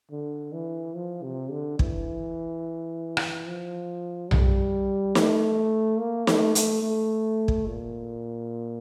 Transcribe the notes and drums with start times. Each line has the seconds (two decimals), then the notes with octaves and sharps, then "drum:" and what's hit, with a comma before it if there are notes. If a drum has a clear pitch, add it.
0.11 D3
0.53 E3
0.95 F3
1.23 C3
1.51 D3
1.79 E3, drum: kick
3.17 drum: rim click
3.47 F3
4.31 G3, drum: tom B1
5.15 A3, drum: snare
5.99 A#3
6.27 A3, drum: snare
6.55 A3, drum: hi-hat
6.83 A3
7.48 drum: kick
7.67 A#2